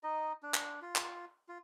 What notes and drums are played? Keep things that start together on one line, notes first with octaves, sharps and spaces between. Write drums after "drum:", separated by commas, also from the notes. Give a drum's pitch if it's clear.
D#4 D#5
D4
drum: clap
F4
drum: clap
F4